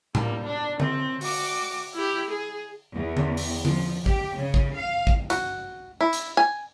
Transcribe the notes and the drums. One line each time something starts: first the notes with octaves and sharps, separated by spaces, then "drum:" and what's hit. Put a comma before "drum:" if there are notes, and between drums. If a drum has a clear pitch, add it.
G3 A#3, drum: tom A2
D4
C4, drum: tom D3
F#4 D6, drum: open hi-hat
E4 G4
G#4
E2
drum: tom D3
drum: open hi-hat
F3, drum: tom D3
G4, drum: kick
C#3
drum: kick
F5
drum: kick
F#4, drum: hi-hat
E4
drum: hi-hat
G#5